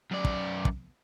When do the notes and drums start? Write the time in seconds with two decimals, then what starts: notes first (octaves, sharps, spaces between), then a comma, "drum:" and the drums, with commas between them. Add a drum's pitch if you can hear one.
0.11 F#2 D5
0.25 drum: kick
0.65 drum: kick